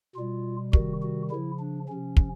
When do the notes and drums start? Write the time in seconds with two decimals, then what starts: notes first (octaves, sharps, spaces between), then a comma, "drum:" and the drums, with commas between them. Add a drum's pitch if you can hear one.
0.16 B2 G3 F4
0.73 C3 D#3 G3 F#4, drum: kick
1.03 F#4
1.31 C#3 F3 E4
1.59 D4
1.88 C3 F3 C#4
2.17 drum: kick